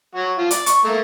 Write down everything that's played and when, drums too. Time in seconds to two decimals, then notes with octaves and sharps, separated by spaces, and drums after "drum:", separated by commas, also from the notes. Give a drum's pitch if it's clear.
0.15 F#3 F#4
0.39 F3 F4
0.51 D5, drum: hi-hat
0.66 C#6, drum: hi-hat
0.84 A3 A#3